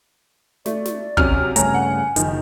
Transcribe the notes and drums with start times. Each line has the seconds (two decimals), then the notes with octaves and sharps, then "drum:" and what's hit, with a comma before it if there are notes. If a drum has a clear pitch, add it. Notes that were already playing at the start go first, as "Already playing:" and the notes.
0.66 A3 D5, drum: snare
0.85 drum: snare
1.17 C3 F#3 C#4 F6, drum: kick
1.56 G2 C#3 A3 C#5 G#5 A#5, drum: hi-hat
1.74 F#5
2.16 F#1 D#3 F3, drum: hi-hat